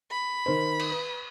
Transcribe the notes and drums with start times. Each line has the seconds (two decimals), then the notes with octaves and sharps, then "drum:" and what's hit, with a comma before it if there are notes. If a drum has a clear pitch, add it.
0.11 B5
0.46 D#3 A#4 C5
0.79 drum: cymbal
0.92 B4